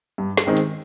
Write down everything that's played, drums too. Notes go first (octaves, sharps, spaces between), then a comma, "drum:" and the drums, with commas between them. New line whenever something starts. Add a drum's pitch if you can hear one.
G2
drum: snare
D#3 G#3 C4 D#4
drum: hi-hat